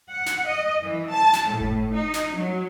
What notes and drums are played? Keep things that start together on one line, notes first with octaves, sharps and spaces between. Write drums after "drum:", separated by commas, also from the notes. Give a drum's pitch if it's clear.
F#5
drum: snare
D#5
E3
A5
drum: snare
A2
drum: kick G1
D#4
drum: snare
F#3